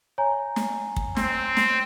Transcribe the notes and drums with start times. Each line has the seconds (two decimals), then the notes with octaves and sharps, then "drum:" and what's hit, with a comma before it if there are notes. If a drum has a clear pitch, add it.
0.18 C#5 G#5 A#5
0.56 drum: snare
0.96 drum: kick
1.16 C4, drum: snare
1.57 drum: snare